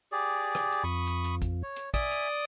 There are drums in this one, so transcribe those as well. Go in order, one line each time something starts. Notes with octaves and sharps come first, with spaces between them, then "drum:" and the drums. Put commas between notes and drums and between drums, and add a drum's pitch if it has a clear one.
G4 G#4 D5
drum: rim click
drum: hi-hat
F2 B5 C#6 D#6
drum: hi-hat
drum: hi-hat
drum: kick, hi-hat
C#5
drum: hi-hat
D5 E5 G#5 D#6, drum: kick, hi-hat
drum: hi-hat